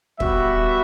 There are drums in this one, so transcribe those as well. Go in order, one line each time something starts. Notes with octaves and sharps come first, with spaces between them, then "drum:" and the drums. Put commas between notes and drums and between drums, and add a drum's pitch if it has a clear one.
G3 B3 F#4 E5, drum: kick